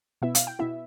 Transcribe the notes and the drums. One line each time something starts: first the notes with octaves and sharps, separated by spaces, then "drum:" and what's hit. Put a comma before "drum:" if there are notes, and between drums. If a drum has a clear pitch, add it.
B2 B3 E4 E5
F5, drum: hi-hat
G5
B2 B3 E4 E5